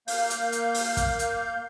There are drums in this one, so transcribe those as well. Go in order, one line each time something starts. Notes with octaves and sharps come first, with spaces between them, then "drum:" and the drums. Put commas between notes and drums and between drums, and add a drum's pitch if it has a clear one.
A#3 F5 G6, drum: open hi-hat
drum: hi-hat
drum: hi-hat
drum: open hi-hat
drum: kick, hi-hat
drum: hi-hat